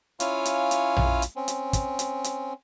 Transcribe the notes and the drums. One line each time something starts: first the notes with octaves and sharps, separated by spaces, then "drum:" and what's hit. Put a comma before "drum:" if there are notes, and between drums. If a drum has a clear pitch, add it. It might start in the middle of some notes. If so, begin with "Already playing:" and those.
C#4 E4 F4 C#5 F5 G#5, drum: hi-hat
drum: hi-hat
drum: hi-hat
drum: tom A#1
drum: hi-hat
C4 C#4
drum: hi-hat
drum: kick, hi-hat
drum: hi-hat
drum: hi-hat